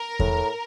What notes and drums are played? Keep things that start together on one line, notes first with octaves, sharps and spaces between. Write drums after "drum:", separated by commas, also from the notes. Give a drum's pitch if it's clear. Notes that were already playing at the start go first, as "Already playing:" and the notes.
Already playing: A#4
A2, drum: kick E2